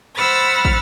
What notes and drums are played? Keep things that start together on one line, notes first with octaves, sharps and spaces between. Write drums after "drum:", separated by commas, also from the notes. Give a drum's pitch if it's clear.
C5 F#5 B5 E6 F6 A6
drum: kick